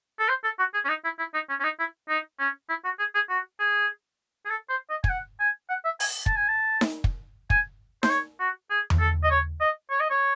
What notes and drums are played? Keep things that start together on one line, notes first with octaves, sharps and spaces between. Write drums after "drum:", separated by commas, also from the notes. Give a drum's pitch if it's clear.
A4
C5
A4
F#4
G#4
C#4
D#4
E4
E4
D#4
C#4
C#4
D#4
E4
D#4
C#4
E4
F#4
G#4
G#4
F#4
G#4
G#4
A4
C5
D#5
G#5, drum: kick
F#5
G#5
F#5
E5
G#5, drum: open hi-hat
A5, drum: kick
G#5
A5
drum: snare D#4
drum: kick
G#5, drum: kick
C5, drum: snare D#4
C#5
F#4
G#4
drum: tom E2
A4
D#5
C#5
D#5
C#5
D#5
C#5